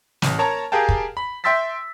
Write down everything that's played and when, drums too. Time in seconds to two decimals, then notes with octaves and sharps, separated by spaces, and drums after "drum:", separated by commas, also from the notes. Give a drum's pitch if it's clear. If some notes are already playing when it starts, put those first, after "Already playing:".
0.22 A1, drum: snare
0.39 A#4 C#5 A5 A#5 C#6
0.72 G4 G#4 A#4 F5 G5 A5
0.89 drum: kick
1.17 B5
1.44 E5 G5 C6 E6 A6 B6